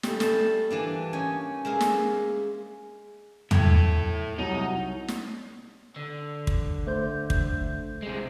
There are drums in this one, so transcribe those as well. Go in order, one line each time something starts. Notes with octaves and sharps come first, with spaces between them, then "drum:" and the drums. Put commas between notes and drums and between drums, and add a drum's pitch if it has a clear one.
G3 A3, drum: snare
G3 A5, drum: snare
E3 A#3 D4
C#4 D#4 C#5 G#5
G#3 A#3 A#4 E5
drum: snare
E4 A4 G5 G#6, drum: tom
C2 F#3 D#4
drum: snare
D3
drum: kick
A3 C5 G6
drum: kick
C3 G#3